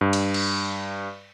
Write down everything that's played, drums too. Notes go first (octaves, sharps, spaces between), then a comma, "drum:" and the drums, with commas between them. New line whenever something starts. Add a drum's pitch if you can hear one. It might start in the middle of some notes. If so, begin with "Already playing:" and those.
G2
drum: cymbal
drum: cymbal